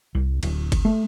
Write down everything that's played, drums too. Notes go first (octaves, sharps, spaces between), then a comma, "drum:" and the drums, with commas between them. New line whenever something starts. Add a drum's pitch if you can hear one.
C2
D1, drum: cymbal
drum: kick F#1, cymbal
A3